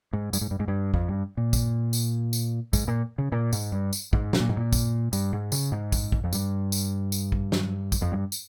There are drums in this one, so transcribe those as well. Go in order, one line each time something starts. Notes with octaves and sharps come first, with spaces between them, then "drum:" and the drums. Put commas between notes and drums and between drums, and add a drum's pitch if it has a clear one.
G#2
G2, drum: tambourine
G#2
G2
G#2
G2
F2, drum: kick
G2
A#2
drum: kick, tambourine
drum: tambourine
drum: tambourine
G#2, drum: kick, tambourine
A#2
C#3
A#2
G#2, drum: tambourine
G2
drum: tambourine
G#2, drum: kick
C3, drum: snare
A#2
G#2
A#2
drum: kick, tambourine
G2, drum: tambourine
G#2
C#3, drum: tambourine
G#2
drum: kick, tambourine
drum: kick
F2
G2, drum: tambourine
drum: tambourine
drum: tambourine
drum: kick
drum: snare
drum: kick, tambourine
F2
G2
drum: tambourine